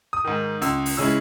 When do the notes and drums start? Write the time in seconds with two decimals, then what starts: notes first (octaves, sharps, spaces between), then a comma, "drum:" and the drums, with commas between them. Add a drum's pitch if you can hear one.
0.13 D#6
0.25 G#2 D#3
0.62 C#2 E6, drum: hi-hat
0.86 drum: open hi-hat
0.97 C#3 G#3 C#4 E4 E6